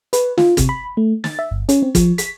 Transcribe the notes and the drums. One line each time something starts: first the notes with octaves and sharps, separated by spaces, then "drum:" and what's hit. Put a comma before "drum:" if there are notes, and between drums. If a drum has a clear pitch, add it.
B4, drum: hi-hat
F4, drum: snare
C3, drum: kick, hi-hat
B5
A3
A6, drum: snare
E5
G1
C#4, drum: hi-hat
C4
F3, drum: kick, hi-hat
B6, drum: hi-hat